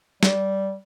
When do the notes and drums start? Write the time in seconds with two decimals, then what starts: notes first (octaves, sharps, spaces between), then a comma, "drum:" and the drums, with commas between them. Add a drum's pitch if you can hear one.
0.23 G3, drum: snare